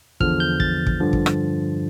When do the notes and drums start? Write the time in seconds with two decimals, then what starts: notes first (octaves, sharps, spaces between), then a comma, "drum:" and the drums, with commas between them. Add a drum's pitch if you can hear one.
0.20 E2 D3 F3 F6, drum: kick
0.40 G6
0.60 A6, drum: kick
0.86 drum: kick
1.00 G2 D3 F3
1.13 drum: kick
1.26 drum: rim click